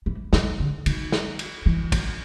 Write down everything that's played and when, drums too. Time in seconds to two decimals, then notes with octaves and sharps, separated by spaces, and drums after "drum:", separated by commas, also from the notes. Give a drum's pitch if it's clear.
0.06 E3
0.33 D#3, drum: snare
0.60 D3
0.86 D#3, drum: cymbal
1.12 drum: snare
1.39 drum: cymbal
1.66 E3
1.92 drum: kick, cymbal